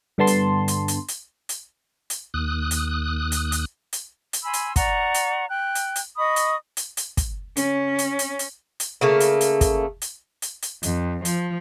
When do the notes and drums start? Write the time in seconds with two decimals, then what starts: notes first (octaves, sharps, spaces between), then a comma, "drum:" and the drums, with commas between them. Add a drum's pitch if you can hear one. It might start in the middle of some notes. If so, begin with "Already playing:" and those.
0.18 G2 D3 B3 A5 C6
0.27 drum: hi-hat
0.68 drum: hi-hat
0.88 drum: hi-hat
1.08 drum: hi-hat
1.49 drum: hi-hat
2.10 drum: hi-hat
2.34 D#2 D#6 F#6
2.71 drum: hi-hat
3.32 drum: hi-hat
3.52 drum: hi-hat
3.93 drum: hi-hat
4.33 drum: hi-hat
4.44 G#5 B5 C6 E6
4.53 drum: hi-hat
4.76 D5 F#5 A#5 C#6, drum: kick, hi-hat
5.14 drum: hi-hat
5.49 G5 F#6
5.75 drum: hi-hat
5.96 drum: hi-hat
6.18 D#5 B5 C#6 D#6
6.36 drum: hi-hat
6.77 drum: hi-hat
6.97 drum: hi-hat
7.17 drum: kick, hi-hat
7.57 C#3 C#4, drum: hi-hat
7.99 drum: hi-hat
8.19 drum: hi-hat
8.39 drum: hi-hat
8.80 drum: hi-hat
9.01 C#3 A3 A#3
9.20 drum: hi-hat
9.41 drum: hi-hat
9.61 drum: kick, hi-hat
10.02 drum: hi-hat
10.42 drum: hi-hat
10.62 drum: hi-hat
10.83 F2, drum: hi-hat
11.25 F3, drum: hi-hat